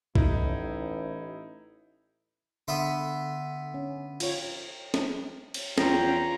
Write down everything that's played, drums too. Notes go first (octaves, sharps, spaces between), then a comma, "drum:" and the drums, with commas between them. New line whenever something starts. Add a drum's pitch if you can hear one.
A1 D#4 E4, drum: kick
D3 B3 E5 C6
C#4
F4 C#5, drum: cymbal
drum: snare
drum: cymbal
E2 C#4 F4 G5 A#5, drum: snare